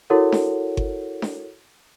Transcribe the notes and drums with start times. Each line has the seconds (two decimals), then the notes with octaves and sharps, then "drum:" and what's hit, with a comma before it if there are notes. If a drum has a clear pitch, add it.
0.10 E4 F#4 A4 A#4 C#5 F#5
0.32 drum: snare D4
0.77 drum: kick G1
1.22 drum: snare D4